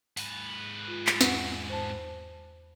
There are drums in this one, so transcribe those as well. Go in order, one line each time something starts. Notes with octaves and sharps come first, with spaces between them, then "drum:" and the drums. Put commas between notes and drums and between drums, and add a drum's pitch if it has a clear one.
G#2 B4, drum: open hi-hat
F4
drum: clap
E2 F#5 C#6, drum: snare
C5 A5